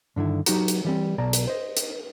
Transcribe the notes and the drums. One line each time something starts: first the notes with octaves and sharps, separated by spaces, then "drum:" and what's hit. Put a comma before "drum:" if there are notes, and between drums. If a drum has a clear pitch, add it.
G2 D3 D#3 E4
F#3 D#4 F#4 G4 F#5 A#5, drum: hi-hat
drum: hi-hat
E3 G3 C4
B1 B2 D5 A5 A#5
drum: hi-hat
C5 D#5
drum: hi-hat